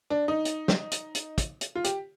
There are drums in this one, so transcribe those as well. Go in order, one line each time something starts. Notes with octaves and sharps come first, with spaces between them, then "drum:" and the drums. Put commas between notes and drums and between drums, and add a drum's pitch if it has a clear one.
D4
D#4
drum: hi-hat
drum: snare
drum: hi-hat
drum: hi-hat
drum: kick, hi-hat
drum: hi-hat
F4
G4, drum: hi-hat